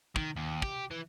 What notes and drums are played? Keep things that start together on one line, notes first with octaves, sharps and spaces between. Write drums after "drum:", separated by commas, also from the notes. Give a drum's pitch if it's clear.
D#3, drum: kick
D#2
G4, drum: kick
E3